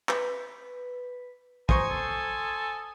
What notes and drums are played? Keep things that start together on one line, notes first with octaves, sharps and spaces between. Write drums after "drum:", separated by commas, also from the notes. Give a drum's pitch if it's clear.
B4, drum: clap
C5 G#5 A#5 C#6 D#6, drum: kick
A4